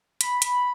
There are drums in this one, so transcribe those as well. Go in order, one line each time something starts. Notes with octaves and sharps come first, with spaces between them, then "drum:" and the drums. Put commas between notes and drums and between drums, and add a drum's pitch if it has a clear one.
B5, drum: hi-hat
drum: hi-hat